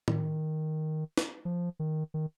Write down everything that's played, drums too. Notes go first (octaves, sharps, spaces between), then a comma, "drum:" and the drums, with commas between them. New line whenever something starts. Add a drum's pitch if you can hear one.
D#3, drum: tom A2
drum: snare
F3
D#3
D#3